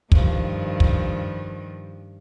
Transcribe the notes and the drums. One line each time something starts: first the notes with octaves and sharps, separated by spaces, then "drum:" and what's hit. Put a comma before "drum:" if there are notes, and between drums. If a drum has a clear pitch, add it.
G2 D#3 F3, drum: kick
drum: kick